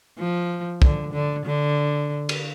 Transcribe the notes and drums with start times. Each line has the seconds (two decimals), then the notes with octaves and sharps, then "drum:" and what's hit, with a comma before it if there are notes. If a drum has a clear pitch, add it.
0.19 F3
0.82 D3, drum: kick
1.13 D3
1.46 D3
2.29 drum: cymbal